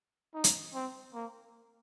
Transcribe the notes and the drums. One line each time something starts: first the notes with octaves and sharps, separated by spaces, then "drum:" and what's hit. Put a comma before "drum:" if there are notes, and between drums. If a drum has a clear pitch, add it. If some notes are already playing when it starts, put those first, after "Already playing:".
D#4
drum: hi-hat
C4
A#3